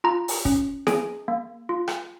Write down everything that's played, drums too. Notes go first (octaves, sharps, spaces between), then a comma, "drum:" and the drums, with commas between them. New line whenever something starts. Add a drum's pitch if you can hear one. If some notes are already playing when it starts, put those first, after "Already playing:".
F4 A#5
drum: open hi-hat
C#4, drum: kick
G#4 G#5, drum: snare E4
A#3
F4
drum: rim click